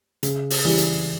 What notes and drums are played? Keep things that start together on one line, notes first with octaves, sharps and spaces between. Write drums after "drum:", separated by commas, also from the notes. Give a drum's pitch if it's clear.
C#3, drum: hi-hat
drum: open hi-hat
E3 G3
drum: hi-hat